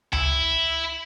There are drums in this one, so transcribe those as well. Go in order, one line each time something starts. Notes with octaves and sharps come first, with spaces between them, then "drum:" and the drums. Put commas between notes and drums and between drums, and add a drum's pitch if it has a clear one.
E4, drum: tom C#2